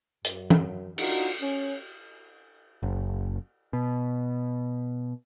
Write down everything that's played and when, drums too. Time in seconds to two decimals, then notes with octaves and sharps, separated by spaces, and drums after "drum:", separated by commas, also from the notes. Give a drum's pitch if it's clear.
0.24 F#2, drum: hi-hat
0.50 drum: tom E3
0.98 D4 D#4 F4 F#4, drum: cymbal
1.41 C#4
2.83 F#1
3.73 B2